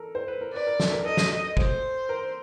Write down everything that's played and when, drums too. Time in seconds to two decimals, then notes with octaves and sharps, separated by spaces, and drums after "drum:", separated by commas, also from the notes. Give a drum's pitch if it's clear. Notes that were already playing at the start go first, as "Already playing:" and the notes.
Already playing: A4 A#4
0.15 C5
0.28 B4
0.41 A#4
0.54 B4 D5
0.67 A#4
0.80 A4, drum: snare
0.93 A#4
1.05 A4 D#5
1.17 drum: snare
1.57 C5, drum: kick
2.09 A#4